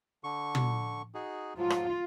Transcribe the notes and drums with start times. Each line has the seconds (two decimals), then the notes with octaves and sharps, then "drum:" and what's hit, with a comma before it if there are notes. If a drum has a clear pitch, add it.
0.24 D3 C#6
0.55 drum: tom
1.15 D#4 F#4 G#4
1.57 G#2 F3 F#3 F4
1.70 drum: rim click